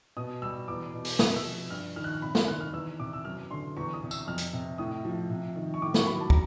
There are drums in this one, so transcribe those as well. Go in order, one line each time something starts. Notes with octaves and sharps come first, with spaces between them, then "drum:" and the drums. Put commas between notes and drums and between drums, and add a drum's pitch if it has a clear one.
B2 D#6
G3 E6
E2 D6
B2
drum: open hi-hat
C3 D#6, drum: snare
E6
F3
G2 F6
D#3 F6
F#6
F6
C3 B5
C6, drum: snare
D#3 F#6
F6
E2 E6
C3 D6
E6
F#2 F6
D3 C6
E2 C#6
D#6
C3
E6, drum: tambourine
F2 F6
drum: hi-hat
C3
A2 D#6
F3
C3
D#3
C#6
A2 D6
C#6, drum: snare
F#3 B5
A5
A#5, drum: kick